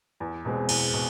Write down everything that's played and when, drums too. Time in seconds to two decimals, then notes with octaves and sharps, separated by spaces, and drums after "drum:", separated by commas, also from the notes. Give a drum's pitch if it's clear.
0.20 E2
0.45 B2 G#3 C4
0.69 E2, drum: cymbal
0.93 B2